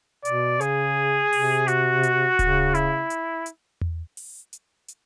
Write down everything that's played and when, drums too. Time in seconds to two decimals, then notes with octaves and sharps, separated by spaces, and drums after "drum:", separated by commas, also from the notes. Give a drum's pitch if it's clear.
0.25 B2 D5, drum: hi-hat
0.61 C#3 G#4, drum: hi-hat
1.33 C3, drum: open hi-hat
1.68 F#4, drum: hi-hat
2.03 drum: hi-hat
2.39 C#3, drum: kick D1, hi-hat
2.75 E4, drum: hi-hat
3.10 drum: hi-hat
3.46 drum: hi-hat
3.81 drum: tom E2
4.17 drum: open hi-hat
4.53 drum: hi-hat
4.88 drum: hi-hat